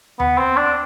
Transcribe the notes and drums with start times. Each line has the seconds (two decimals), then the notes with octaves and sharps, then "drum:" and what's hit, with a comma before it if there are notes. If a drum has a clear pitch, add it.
0.20 B3, drum: tom D#2
0.38 C4
0.57 D4